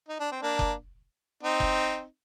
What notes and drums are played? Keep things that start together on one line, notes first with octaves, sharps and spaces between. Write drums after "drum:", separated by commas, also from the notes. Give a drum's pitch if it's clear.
D#4
D4
C4
A#3 D4
drum: kick F#1
C4 D#4
drum: kick F#1